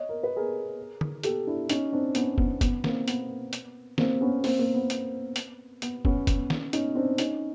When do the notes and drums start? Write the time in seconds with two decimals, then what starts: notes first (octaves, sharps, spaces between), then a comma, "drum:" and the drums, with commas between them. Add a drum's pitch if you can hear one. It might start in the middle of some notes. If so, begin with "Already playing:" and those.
Already playing: C#5 D#5
0.09 A#4
0.23 B4
0.36 G#4 A#4
1.01 drum: tom D3
1.23 G4 A4, drum: hi-hat
1.47 D4 E4
1.69 C#4 D#4, drum: hi-hat
1.93 C4 D4
2.15 B3 C#4, drum: hi-hat
2.38 B3, drum: kick
2.61 B3, drum: kick, hi-hat
2.84 A#3 C4, drum: snare
3.08 B3, drum: hi-hat
3.53 drum: hi-hat
3.98 A#3 C4, drum: snare
4.21 B3 C#4
4.44 A#3 C4, drum: open hi-hat
4.59 A#3
4.74 B3
4.90 drum: hi-hat
5.36 drum: hi-hat
5.82 B3, drum: hi-hat
6.05 B3 C#4, drum: kick
6.27 drum: kick, hi-hat
6.50 drum: snare
6.73 C#4 D#4, drum: hi-hat
6.95 C4 D4
7.18 C#4 D#4, drum: hi-hat